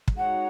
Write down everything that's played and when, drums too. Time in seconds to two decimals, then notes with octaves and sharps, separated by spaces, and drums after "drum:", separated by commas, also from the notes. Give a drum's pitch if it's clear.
0.08 drum: kick
0.17 G#3 D#4 F#4 C#5 F#5